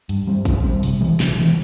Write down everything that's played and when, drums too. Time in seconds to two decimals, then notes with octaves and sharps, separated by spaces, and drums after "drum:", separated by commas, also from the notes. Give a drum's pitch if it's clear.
0.09 G2, drum: hi-hat
0.27 G3 C4
0.45 G2, drum: kick A1, hi-hat
0.64 C4
0.69 G3
0.83 C3, drum: open hi-hat
1.01 E3 G#3
1.20 C3, drum: snare
1.39 E3 G#3